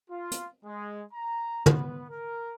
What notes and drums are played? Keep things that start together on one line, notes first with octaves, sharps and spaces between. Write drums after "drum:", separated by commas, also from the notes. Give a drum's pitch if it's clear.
F4
drum: hi-hat
G#3
A#5
B3, drum: tom
A#4